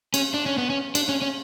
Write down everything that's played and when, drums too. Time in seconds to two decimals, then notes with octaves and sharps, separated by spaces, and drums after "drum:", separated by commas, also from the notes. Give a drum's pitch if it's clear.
0.14 C#4, drum: cymbal
0.34 D4
0.46 C#4
0.58 B3
0.70 C#4
0.95 D4, drum: cymbal
1.09 C#4
1.22 C#4